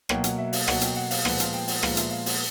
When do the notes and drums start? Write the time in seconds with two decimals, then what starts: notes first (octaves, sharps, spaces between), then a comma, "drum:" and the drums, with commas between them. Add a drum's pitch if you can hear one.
0.09 B2 F#3 A#3 G5, drum: rim click
0.24 F#5, drum: hi-hat
0.38 E5
0.53 F5, drum: open hi-hat
0.67 B2 F#3 A#3 F#5, drum: rim click
0.81 G5, drum: hi-hat
0.96 F#5
1.11 F5, drum: open hi-hat
1.25 A#2 F3 G#3 B3 F#5, drum: rim click
1.40 F5, drum: hi-hat
1.53 G5
1.68 F#5, drum: open hi-hat
1.83 A#2 F3 G#3 B3 F5, drum: rim click
1.97 E5, drum: hi-hat
2.11 F5
2.26 F#5, drum: open hi-hat